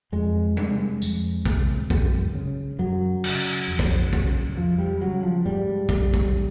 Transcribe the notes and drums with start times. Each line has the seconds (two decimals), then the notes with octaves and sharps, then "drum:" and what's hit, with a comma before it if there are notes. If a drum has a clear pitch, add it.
0.12 F2 G#3
0.57 C3, drum: tom G3
1.02 F2, drum: tambourine
1.45 C3, drum: kick
1.90 F#2, drum: kick
2.35 C#3
2.79 F#2 F#3
3.24 C#3, drum: cymbal
3.68 F2
3.79 drum: kick
4.13 C#3, drum: kick
4.56 F2 F3
4.78 G3
5.01 C#3 F#3
5.23 F3
5.46 G#2 G3
5.89 drum: kick
6.14 drum: kick